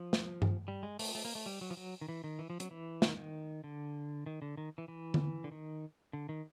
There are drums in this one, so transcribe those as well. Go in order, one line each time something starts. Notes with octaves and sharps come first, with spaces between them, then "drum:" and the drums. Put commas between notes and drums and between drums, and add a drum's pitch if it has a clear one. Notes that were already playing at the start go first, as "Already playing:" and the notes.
Already playing: F3
drum: snare
drum: tom G2
G3
G#3
A3, drum: open hi-hat
A3
A#3
A3
G3
F#3
F3
F#3
D#3
E3
D#3
E3
F3
F#3, drum: hi-hat
E3
D#3, drum: snare
D#3
D3
D#3
D3
D#3
E3
E3
drum: tom D3
D3
D#3
D3
D#3